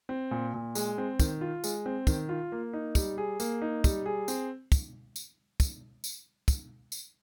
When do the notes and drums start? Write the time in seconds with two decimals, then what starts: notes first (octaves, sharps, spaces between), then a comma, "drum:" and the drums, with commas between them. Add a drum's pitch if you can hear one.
0.09 C4
0.31 A#2
0.54 A#2
0.75 G#3, drum: tambourine
0.98 C4
1.20 D#3, drum: kick, tambourine
1.41 F4
1.64 G#3, drum: tambourine
1.86 C4
2.07 D#3, drum: kick, tambourine
2.29 F4
2.52 A#3
2.73 D#4
2.95 G3, drum: kick, tambourine
3.18 G#4
3.40 A#3, drum: tambourine
3.62 D#4
3.84 G3, drum: kick, tambourine
4.06 G#4
4.28 C4, drum: tambourine
4.72 drum: kick, tambourine
5.16 drum: tambourine
5.60 drum: kick, tambourine
6.04 drum: tambourine
6.48 drum: kick, tambourine
6.92 drum: tambourine